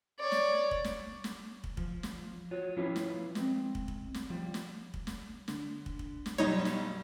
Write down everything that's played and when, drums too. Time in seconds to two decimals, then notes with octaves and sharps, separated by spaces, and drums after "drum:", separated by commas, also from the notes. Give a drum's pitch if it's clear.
0.20 C#5 D5
0.32 drum: snare
0.71 drum: kick
0.84 drum: snare
1.24 drum: snare
1.64 drum: kick
1.77 F3, drum: kick
2.03 drum: snare
2.51 F4 F#4 C#5
2.77 F3 C#4 E4 F4 B4 C#5
2.96 drum: snare
3.35 G#3 C4, drum: snare
3.75 drum: kick
3.88 drum: kick
4.14 drum: snare
4.30 F3 G3
4.54 drum: snare
4.94 drum: kick
5.07 drum: snare
5.48 D3, drum: snare
5.86 drum: kick
5.99 drum: kick
6.26 drum: snare
6.38 B1 F#2 G3 D#4 C#5
6.65 drum: snare